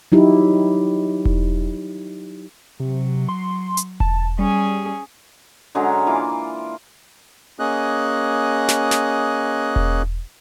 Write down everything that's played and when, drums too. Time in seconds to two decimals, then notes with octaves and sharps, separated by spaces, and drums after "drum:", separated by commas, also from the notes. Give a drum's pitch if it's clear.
0.12 F#3 D#4 E4 G4
1.25 drum: kick E1
2.80 C3 F#3
3.29 C6
3.77 drum: hi-hat
4.00 A5, drum: kick E1
4.39 G3 C#4 G#4
5.75 D3 F#3 G#3 C#4
6.07 E3 A#3 F4 D6
7.59 A#3 C#4 G#4 D#5 F#6
8.68 drum: snare
8.91 drum: snare
9.76 drum: kick E1